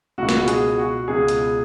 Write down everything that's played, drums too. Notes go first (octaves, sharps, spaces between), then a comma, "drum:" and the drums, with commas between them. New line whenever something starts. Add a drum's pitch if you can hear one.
C#2 B2 F#4
drum: snare
F#4
G#4, drum: hi-hat
F#4
C#2 B2 G#4
drum: hi-hat